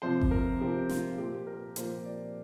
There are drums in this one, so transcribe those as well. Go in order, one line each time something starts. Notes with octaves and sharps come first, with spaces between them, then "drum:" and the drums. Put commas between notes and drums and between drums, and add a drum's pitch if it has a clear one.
C3 F3 C4 C5
drum: kick G1
A#4
C3 F3 C4 G4
F4, drum: snare
A#2 F3 A#3 G4
A#4
A#2 F3 A#3 C5, drum: hi-hat
D5